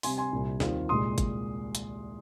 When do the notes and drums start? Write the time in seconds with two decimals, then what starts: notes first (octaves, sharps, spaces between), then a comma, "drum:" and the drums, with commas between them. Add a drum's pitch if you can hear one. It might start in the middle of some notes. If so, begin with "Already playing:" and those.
0.03 C3 G3 C4 G#5 C6, drum: open hi-hat
0.18 G#5 C6
0.33 C2 A#2 G3
0.60 D#2 D#3 G3 C4 F4, drum: snare
0.89 C2 A#2 G#3 C6 D#6
1.18 drum: kick G#1, hi-hat
1.75 drum: hi-hat